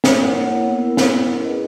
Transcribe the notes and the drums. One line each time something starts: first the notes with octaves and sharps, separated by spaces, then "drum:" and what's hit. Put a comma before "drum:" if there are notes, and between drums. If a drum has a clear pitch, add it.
A#3, drum: snare
E4 A#4 C#5 F#5
A#3
E4 A#4 C#5 F#5
B3
E4 A#4
B3, drum: snare
E4 A#4
C#4
G#4 B4 D#5